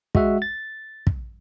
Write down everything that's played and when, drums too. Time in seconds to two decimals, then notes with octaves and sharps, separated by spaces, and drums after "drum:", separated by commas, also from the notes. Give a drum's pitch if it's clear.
0.15 G#3 F#4 E5 F#5, drum: kick
0.42 A6
1.07 drum: kick